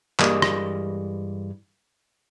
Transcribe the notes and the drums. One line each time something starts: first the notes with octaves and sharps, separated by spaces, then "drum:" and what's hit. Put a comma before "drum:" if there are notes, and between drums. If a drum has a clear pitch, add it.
G2 E3 G3 G#3 A#3, drum: clap
drum: rim click